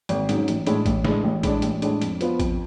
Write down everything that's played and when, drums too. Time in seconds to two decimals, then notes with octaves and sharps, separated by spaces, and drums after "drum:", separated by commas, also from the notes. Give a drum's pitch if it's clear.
0.09 G#1, drum: hi-hat
0.29 G#2 F#3 C#4, drum: hi-hat
0.48 A1, drum: hi-hat
0.67 A2 G#3 D4, drum: hi-hat
0.86 A1, drum: kick A1, hi-hat
1.05 A2 G#3 D4, drum: snare
1.24 A1
1.43 A2 G#3 D4, drum: kick A1, hi-hat
1.62 A1, drum: hi-hat
1.82 A2 G#3 D4, drum: hi-hat
2.02 F2, drum: hi-hat
2.21 F3 B3 F4, drum: hi-hat
2.40 F2, drum: kick A1, hi-hat